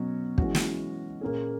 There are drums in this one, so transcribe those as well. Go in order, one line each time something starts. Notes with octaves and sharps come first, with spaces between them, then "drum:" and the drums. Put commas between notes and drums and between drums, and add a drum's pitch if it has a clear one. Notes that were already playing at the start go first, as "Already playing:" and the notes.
Already playing: B2 F#3 C#4 F#4
E3 G#3 C#4 F#4, drum: kick
drum: snare
A#2 A#3 C#4 G#4